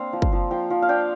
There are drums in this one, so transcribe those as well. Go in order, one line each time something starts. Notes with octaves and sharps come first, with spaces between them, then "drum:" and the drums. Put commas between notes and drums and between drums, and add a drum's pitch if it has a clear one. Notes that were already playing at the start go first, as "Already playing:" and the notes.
Already playing: A#3 C4 D4 F5
F3
drum: kick
F3
F3 G5
F3
F5
D4 G5